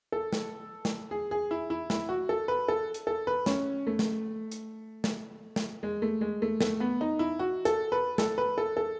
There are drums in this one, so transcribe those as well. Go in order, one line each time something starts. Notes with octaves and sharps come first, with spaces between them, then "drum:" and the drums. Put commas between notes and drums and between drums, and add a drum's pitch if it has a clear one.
A4
drum: snare
drum: snare
G#4
G#4
E4
E4
E4, drum: snare
F#4
A4
B4
A4
drum: hi-hat
A4
B4
C#4, drum: snare
A3
drum: snare
drum: hi-hat
drum: snare
drum: snare
G#3
A3
G#3
A3
A3, drum: snare
B3
D#4
E4
F#4
A4, drum: hi-hat
B4
A4, drum: snare
B4
A4
A4